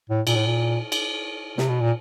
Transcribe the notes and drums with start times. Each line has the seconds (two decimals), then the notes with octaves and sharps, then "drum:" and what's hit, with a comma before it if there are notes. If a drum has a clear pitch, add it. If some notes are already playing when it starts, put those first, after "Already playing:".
0.10 A2
0.27 A#2, drum: cymbal
0.35 A2
0.47 A#2
0.92 drum: cymbal
1.58 C3, drum: snare
1.68 B2
1.80 A#2